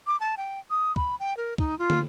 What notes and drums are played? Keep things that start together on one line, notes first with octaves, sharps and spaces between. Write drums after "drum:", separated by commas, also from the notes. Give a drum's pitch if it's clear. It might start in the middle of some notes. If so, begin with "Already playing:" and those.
D6
A5
G5
D#6
B5, drum: kick
G5
A#4
D#4, drum: kick
F4
drum: tom